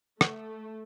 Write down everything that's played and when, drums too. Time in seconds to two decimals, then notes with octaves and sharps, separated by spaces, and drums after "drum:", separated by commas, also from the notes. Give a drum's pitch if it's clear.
0.21 A3, drum: rim click